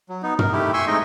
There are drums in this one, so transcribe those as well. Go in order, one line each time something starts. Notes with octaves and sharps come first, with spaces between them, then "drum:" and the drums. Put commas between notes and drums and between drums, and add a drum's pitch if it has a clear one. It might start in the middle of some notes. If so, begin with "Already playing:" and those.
F#3
B3 D#4
A#4, drum: tom
D#3 A3 E4 G4
E5 G#5 C6 C#6 E6
G#3 A3 C4 D#4 D#5 G5